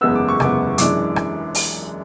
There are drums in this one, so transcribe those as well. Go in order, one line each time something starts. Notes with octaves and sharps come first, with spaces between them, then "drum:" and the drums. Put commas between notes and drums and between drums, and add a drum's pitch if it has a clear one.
F#1 E2 C#3 G#3 B3 E6
D6
C#6
F#1 E2 C#3 G#3 B3 D6, drum: rim click
F#2 E3 G#3 D4 D6, drum: hi-hat
drum: rim click
drum: open hi-hat